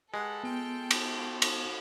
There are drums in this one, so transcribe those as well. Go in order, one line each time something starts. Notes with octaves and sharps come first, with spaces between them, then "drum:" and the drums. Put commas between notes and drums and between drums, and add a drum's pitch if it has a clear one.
G#3 G4 A4 B4 F#5
B3 F4 G5
drum: cymbal
drum: cymbal